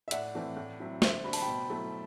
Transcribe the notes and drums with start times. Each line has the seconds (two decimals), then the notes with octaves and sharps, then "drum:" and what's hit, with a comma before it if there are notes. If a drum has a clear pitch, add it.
0.08 E5
0.11 A2 D5 F#5, drum: hi-hat
0.35 E3 A3 C4 E4
0.57 A2
0.80 F#3 C4 E4
1.02 D3 C5 E5, drum: snare
1.24 G3 D4 F#4 B5
1.33 A5, drum: open hi-hat
1.41 G5 B5
1.48 B2
1.69 F#3 A3 E4